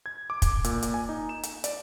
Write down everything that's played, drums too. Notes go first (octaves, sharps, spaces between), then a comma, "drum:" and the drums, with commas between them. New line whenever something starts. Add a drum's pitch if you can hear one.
G#6
D6
drum: kick, hi-hat
A#2, drum: hi-hat
drum: hi-hat
G#5
D#4
E7
drum: hi-hat
D5, drum: hi-hat